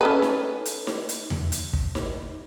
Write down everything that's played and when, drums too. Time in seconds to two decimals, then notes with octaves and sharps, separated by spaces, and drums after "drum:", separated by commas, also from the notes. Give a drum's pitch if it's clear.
0.01 C#4 A4 B4
0.22 drum: snare D#4
0.65 drum: hi-hat
0.87 drum: snare D#4
1.09 drum: hi-hat
1.30 drum: tom E2
1.52 drum: hi-hat
1.73 drum: kick
1.95 drum: snare D#4